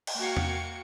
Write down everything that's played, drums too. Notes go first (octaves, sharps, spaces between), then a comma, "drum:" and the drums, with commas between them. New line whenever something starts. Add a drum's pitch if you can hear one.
drum: cymbal
A#3 F#4 F5 G5 G#6 C#7
drum: tom E2